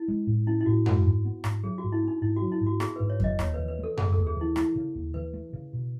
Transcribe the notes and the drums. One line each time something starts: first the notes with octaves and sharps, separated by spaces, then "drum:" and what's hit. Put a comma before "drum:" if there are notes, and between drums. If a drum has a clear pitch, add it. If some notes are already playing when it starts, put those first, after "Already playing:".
Already playing: E4
G#3
A2
C#4 E4
E4
A2 F#4
G#3 F#4, drum: tom F#2
G#2
B3
G#2, drum: rim click
F#3 G#4
F#4
G#2
E4
B3
D#4
G#2 E4
F#4
F#3
E4
G#2
F#4
B3 G#4, drum: rim click
G#2 B4
C#5
F#3 D#5, drum: kick F2
D#2 C#5, drum: rim click
E3 B4
B4
A3 A4
C#3 G#4, drum: tom F#2
D#2 A4
G#4
E3 E4
A3 E4, drum: rim click
C#3
D#2
E3 B4
A3
C#3
B2